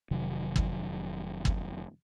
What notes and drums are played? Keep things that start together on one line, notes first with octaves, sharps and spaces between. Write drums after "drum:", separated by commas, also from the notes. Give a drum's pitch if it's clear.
F1 C3 D#3 F#3
drum: kick
drum: kick